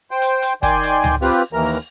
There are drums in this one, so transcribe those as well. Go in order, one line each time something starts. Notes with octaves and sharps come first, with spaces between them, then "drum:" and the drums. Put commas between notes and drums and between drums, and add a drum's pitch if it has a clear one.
C5 G5
drum: hi-hat
drum: hi-hat
D#3 D5 G5 G#5 C6 G6, drum: kick, hi-hat
drum: hi-hat
drum: tom C#2
C4 F4 G4 B4, drum: open hi-hat
D#2 E3 A#4 A#5
drum: open hi-hat